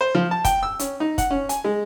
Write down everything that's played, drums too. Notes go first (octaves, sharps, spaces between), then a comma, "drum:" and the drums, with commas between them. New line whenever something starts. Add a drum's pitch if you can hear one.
C5
F3
A5
G5, drum: kick, hi-hat
E6
C#4, drum: hi-hat
D#4
F#5, drum: kick, hi-hat
C#4
G#5, drum: hi-hat
G#3